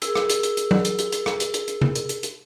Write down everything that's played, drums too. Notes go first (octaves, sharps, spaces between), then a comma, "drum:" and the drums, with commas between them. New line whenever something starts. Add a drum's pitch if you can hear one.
G#4 A#4 E6, drum: hi-hat
drum: rim click
drum: hi-hat
drum: hi-hat
drum: hi-hat
drum: tom F#3
drum: hi-hat
drum: hi-hat
drum: hi-hat
drum: rim click
drum: hi-hat
drum: hi-hat
drum: hi-hat
drum: tom C3
drum: hi-hat
drum: hi-hat
drum: hi-hat